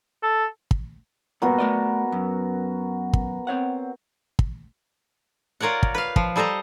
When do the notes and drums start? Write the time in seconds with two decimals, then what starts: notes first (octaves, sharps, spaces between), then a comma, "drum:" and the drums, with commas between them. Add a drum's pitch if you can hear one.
0.23 A4
0.71 drum: kick
1.42 G2 A#2 B3 F#4 A#4
1.58 A3 D5 D#5
2.12 F#2
3.13 drum: kick
3.47 C4 C#5 F#5
4.39 drum: kick
5.61 F4 A#4 C#5 D5 F#5
5.83 drum: kick
5.95 B4 F5
6.16 F3, drum: kick
6.36 G3 A4 C5 D#5 A#5